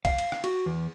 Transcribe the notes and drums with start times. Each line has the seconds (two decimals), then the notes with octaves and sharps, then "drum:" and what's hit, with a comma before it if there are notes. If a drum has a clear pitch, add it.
0.05 F5, drum: kick, cymbal
0.18 drum: cymbal
0.32 drum: rim click
0.44 F#4, drum: cymbal
0.66 E2